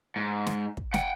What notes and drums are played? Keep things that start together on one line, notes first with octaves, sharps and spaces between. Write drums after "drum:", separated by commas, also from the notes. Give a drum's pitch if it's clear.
G#2
drum: snare
drum: kick
F#5 G5, drum: snare